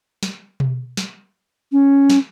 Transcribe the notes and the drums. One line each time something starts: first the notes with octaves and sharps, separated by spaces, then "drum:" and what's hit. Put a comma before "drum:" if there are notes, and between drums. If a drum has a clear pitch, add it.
drum: snare
drum: tom B2
drum: snare
C#4
drum: snare